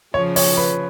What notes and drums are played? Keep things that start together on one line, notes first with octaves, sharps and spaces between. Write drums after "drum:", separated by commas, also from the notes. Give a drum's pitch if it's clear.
C#3 F3 C#5
C#5, drum: open hi-hat
B4